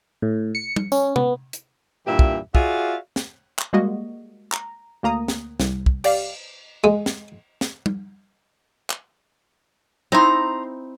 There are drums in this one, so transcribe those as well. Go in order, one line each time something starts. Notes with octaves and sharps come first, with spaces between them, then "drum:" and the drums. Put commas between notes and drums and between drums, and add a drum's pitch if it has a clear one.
A2
C#7
drum: tom
C#4, drum: tambourine
B3, drum: tom
drum: hi-hat
G2 A#2 E3 G4 B4 E5
drum: kick
F4 F#4 G#4 D5 E5 F5, drum: kick
drum: snare
drum: clap
G3 G#3 A#3 F#4 D#5
A#5, drum: clap
D2 A#3 A#5 D#6
drum: snare
C2, drum: snare
drum: kick
G4 D5 F5, drum: cymbal
G#3
drum: snare
drum: snare
drum: tom
drum: clap
C4 D#4 E4 A#5 C6